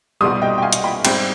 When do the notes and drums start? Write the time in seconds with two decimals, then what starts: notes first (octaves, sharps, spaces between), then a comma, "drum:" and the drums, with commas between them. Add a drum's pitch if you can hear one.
0.21 C2 B2 G3 C6 D#6
0.42 D#5 G5
0.58 G5
0.62 F5 G#5
0.73 drum: hi-hat
0.84 G5 B5
1.05 G#2 G3 C4 G5 B5, drum: cymbal